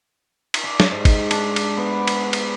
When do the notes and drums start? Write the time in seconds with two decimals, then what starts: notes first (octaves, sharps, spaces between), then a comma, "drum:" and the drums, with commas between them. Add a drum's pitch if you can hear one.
0.54 drum: cymbal
0.64 D5
0.80 drum: snare
0.91 G#2
1.05 drum: kick, cymbal
1.31 D4, drum: cymbal
1.56 drum: cymbal
1.77 B3
2.07 drum: cymbal
2.33 drum: cymbal